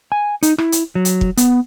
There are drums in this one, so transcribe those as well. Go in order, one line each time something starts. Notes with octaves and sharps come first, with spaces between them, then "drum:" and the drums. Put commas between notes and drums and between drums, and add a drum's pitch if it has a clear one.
G#5
D#4, drum: hi-hat
E4, drum: rim click
drum: hi-hat
F#3
drum: hi-hat
drum: kick
B3, drum: hi-hat